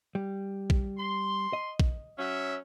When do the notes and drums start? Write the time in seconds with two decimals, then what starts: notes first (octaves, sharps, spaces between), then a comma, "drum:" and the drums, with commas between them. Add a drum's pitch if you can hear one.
0.15 G3
0.70 drum: kick
0.98 C6
1.53 D#5
1.80 drum: kick
2.18 F#3 C#4 E5